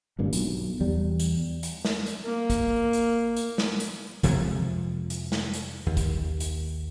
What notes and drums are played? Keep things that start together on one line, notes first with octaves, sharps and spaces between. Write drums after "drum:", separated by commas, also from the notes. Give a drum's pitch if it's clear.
G#1 G2 A#2
B1, drum: hi-hat
E2 G3
drum: hi-hat
drum: hi-hat
drum: snare
drum: hi-hat
A#3
drum: kick, hi-hat
drum: hi-hat
drum: hi-hat
drum: snare
drum: hi-hat
F2 C3 F3 G#3, drum: kick, hi-hat
drum: hi-hat
drum: snare
drum: hi-hat
D#2
drum: kick, hi-hat
drum: hi-hat